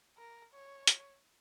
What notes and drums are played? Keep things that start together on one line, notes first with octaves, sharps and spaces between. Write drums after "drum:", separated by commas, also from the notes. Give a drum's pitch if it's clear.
A#4
C#5
drum: hi-hat